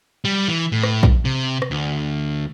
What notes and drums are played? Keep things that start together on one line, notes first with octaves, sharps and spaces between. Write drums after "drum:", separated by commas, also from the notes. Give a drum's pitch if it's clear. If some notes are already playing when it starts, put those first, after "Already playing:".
G3
E3
A2
drum: rim click
drum: kick
C3
drum: rim click
D2